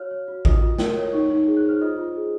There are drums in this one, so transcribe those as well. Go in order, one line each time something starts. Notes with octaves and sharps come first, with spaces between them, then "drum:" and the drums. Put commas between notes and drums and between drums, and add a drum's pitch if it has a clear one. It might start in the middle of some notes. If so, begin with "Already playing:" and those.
Already playing: F#4 C#5 F5 F6
C#5
F#4
F4 D#5 D#6, drum: kick A1
F4
A#4, drum: snare
C#5
D#4 C#5 C#6
D#4
G#4
F#6
C5
F6
F4 D#5 D#6
F4
G#4